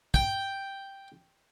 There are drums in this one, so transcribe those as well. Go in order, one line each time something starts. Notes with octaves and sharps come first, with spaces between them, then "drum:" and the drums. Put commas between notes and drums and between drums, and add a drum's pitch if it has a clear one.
G5, drum: kick